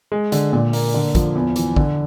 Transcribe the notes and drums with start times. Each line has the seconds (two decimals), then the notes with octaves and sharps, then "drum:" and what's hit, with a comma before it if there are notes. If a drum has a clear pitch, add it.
0.12 G#3
0.32 D3, drum: hi-hat
0.53 A#2
0.73 A#3, drum: open hi-hat
0.94 D3
1.15 F3, drum: kick, hi-hat
1.35 E2
1.56 E3, drum: hi-hat
1.76 D3, drum: kick